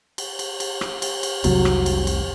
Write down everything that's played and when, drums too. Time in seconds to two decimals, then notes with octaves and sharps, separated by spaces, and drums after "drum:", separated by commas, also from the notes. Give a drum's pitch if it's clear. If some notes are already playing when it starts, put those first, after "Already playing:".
0.18 drum: cymbal
0.39 drum: cymbal
0.60 drum: cymbal
0.81 drum: rim click
1.02 drum: cymbal
1.23 drum: cymbal
1.44 F1 C2 F#3, drum: cymbal
1.65 drum: rim click
1.86 drum: cymbal
2.07 drum: cymbal